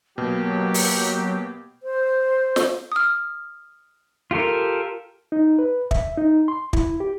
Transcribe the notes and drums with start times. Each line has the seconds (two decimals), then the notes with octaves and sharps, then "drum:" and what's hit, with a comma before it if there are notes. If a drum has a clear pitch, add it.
0.18 B2 F#3 A#3 G4
0.74 drum: open hi-hat
1.83 C5
2.56 drum: snare
2.92 D#6 F6
4.31 F4 G4 A4 A#4
5.32 D#4
5.59 B4
5.91 E5, drum: kick
6.17 D#4
6.48 C6
6.73 E4, drum: kick
7.00 G4